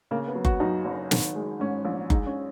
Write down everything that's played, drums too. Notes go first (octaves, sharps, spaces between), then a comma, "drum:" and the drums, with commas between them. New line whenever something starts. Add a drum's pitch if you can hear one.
C#3 A#3
B3
F#3
F#4, drum: kick F#1
F#2 D#4
F#1
D#3, drum: snare
G#3
G#2 C#4
A#1
G#3 D#4, drum: kick F#1
C#4